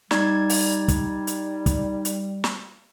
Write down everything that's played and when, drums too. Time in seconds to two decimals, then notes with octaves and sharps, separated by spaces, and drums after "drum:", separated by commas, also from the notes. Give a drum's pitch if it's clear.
0.11 G3 D#4 D5 G#6, drum: snare
0.50 drum: open hi-hat
0.88 drum: kick, hi-hat
1.27 drum: hi-hat
1.66 drum: kick, hi-hat
2.05 drum: hi-hat
2.44 drum: snare